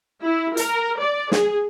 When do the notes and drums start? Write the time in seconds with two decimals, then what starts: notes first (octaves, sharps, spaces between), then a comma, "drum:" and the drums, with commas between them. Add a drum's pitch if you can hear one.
0.22 E4
0.57 A#4, drum: hi-hat
1.00 D5
1.32 G#4, drum: snare